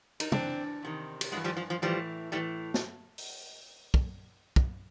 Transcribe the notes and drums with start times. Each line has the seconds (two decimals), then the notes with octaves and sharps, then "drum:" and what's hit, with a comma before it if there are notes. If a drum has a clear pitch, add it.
0.20 D#4, drum: cymbal
0.32 G#2 E3 C4 D4, drum: tom
0.82 E2 C3 D#3
1.21 drum: cymbal
1.32 G2 E3 F#3 G#3
1.44 F3 G3
1.57 F3
1.70 F3
1.82 A2 E3 F3 G3
2.32 A2 E3 G3 A3
2.74 drum: snare
3.18 drum: open hi-hat
3.94 drum: kick
4.56 drum: kick